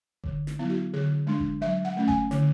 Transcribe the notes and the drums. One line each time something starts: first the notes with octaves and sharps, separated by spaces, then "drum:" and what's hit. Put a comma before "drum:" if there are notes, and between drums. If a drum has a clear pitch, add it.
D3, drum: kick G1
drum: snare
F#3 B3 E4
F#4
D3 G#4
G#3 D4
drum: kick G1
F#3 E5
F#5
A3 C#4
G#5, drum: kick G1
D3, drum: snare